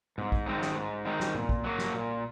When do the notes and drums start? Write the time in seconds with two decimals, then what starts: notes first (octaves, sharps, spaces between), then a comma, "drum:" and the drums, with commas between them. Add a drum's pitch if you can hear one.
0.18 G#2, drum: tom A2
0.32 drum: kick
0.46 D#3 G#3 C4 D#4
0.61 drum: snare
0.76 G#2
1.05 D#3 G#3 C4 D#4
1.20 drum: snare
1.35 A#2, drum: tom
1.49 drum: kick
1.64 F#3 A#3
1.78 drum: snare
1.94 A#2